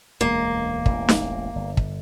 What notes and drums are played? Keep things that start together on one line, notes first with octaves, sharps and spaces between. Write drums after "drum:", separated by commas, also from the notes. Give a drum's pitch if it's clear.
E1 D2 G#3 A#3
E1 A1, drum: kick
drum: snare
G1
drum: kick